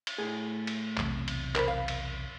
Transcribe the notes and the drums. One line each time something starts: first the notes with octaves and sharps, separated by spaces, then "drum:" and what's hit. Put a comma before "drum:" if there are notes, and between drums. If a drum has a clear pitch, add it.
drum: cymbal
A2 G#4
drum: cymbal
B1 E2 C3, drum: clap
drum: cymbal
A#4 C5 B5, drum: clap
F5
drum: cymbal